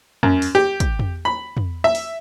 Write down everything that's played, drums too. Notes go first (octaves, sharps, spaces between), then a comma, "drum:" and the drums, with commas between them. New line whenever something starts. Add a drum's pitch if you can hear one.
F#2, drum: tom
drum: open hi-hat
G4
drum: kick, hi-hat
drum: tom
B5
drum: tom
E5
drum: open hi-hat